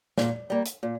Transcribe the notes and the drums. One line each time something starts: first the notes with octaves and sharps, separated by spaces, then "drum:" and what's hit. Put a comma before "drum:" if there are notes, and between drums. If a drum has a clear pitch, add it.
A#2, drum: snare
G3 A#3
drum: hi-hat
A#2